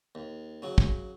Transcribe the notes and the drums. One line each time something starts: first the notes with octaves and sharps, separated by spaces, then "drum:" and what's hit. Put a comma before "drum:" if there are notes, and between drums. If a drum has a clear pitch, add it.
D#2
C#3 F#3
drum: kick